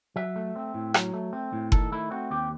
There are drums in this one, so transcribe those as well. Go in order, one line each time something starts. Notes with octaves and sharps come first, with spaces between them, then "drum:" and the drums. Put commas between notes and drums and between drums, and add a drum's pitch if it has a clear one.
F#3 E5
A3
C4
A2
F#3, drum: rim click
A3
C4
A2
D#3 A4, drum: kick F#1
A3 E4
C4 F#4
D#2 G4